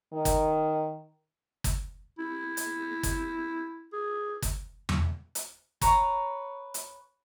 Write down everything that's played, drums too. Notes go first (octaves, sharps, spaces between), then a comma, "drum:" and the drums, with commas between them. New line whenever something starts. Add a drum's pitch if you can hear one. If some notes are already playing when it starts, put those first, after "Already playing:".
D#3
drum: kick G1, hi-hat
drum: kick G1, hi-hat
E4
drum: hi-hat
drum: kick G1, hi-hat
G#4
drum: kick G1, hi-hat
drum: tom E2
drum: hi-hat
B4 C#5 A#5, drum: kick G1, hi-hat
drum: hi-hat